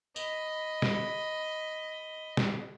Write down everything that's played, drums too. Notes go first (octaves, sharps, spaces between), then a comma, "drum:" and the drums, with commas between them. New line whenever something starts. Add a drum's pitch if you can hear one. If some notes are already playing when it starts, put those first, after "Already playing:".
D#5 B5, drum: tambourine
drum: snare
drum: snare